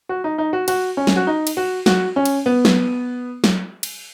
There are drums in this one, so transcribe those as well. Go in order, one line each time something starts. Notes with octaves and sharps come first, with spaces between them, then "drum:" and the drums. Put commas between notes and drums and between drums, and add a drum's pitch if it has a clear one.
F#4
D#4
D#4
F#4
F#4, drum: cymbal
C#4
drum: snare
F#4
D#4
drum: cymbal
F#4
F#4, drum: snare
C#4
drum: cymbal
B3
drum: snare
drum: snare
drum: cymbal